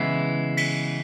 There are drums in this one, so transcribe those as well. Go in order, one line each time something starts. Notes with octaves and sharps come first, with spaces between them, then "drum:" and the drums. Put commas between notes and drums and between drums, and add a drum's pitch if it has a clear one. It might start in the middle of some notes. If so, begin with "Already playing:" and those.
Already playing: C#3 E3 G#3 B3 E4 C7
B6, drum: cymbal